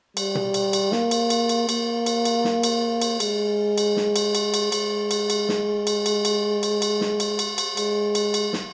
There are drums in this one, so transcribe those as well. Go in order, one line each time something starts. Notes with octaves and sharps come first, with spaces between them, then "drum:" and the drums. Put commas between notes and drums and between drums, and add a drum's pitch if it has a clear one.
G3, drum: cymbal
drum: tom B2
drum: cymbal
drum: cymbal
A#3, drum: snare
drum: cymbal
drum: cymbal
drum: cymbal
A#3, drum: cymbal
drum: cymbal
drum: cymbal
drum: snare
drum: cymbal
drum: cymbal
G#3, drum: cymbal
drum: cymbal
drum: snare
drum: cymbal
drum: cymbal
drum: cymbal
G#3, drum: cymbal
drum: cymbal
drum: cymbal
drum: snare
drum: cymbal
drum: cymbal
drum: cymbal
drum: cymbal
drum: cymbal
drum: snare
drum: cymbal
drum: cymbal
drum: cymbal
G#3, drum: cymbal
drum: cymbal
drum: cymbal
drum: snare